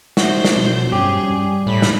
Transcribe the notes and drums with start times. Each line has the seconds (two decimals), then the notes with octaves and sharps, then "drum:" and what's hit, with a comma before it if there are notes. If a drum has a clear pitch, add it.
0.17 F#4 C5 E5 G6, drum: snare
0.44 drum: snare
0.56 B2 F3 F#3
0.92 G2 C#4 G4 G#4
1.23 G3
1.67 A2 B5
1.82 drum: snare